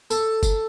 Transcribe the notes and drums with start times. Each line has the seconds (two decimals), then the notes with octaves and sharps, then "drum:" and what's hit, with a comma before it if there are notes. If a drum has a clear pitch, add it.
0.11 A4, drum: tambourine
0.43 drum: kick F#1, tambourine